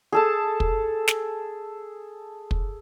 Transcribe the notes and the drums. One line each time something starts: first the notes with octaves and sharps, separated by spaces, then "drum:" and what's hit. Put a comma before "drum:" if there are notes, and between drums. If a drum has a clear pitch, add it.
G#4 A4 A5
drum: kick
drum: snare
drum: kick